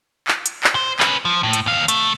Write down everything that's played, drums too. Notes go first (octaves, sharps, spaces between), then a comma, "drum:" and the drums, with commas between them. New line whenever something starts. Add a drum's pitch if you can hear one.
drum: clap
drum: hi-hat
drum: clap
C5
C#4 B4, drum: clap
F3
A2
drum: hi-hat
D#2 F5
C3 A3, drum: hi-hat